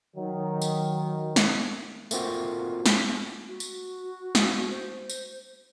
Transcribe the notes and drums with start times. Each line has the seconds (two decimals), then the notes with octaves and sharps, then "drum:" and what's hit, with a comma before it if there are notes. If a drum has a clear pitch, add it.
0.16 D#3 F#3
0.62 drum: tambourine
1.36 drum: snare
2.11 A3 A#3 C4 F4 F#4, drum: tambourine
2.86 drum: snare
3.48 F#4
3.60 drum: tambourine
4.35 drum: snare
4.70 C5
5.10 drum: tambourine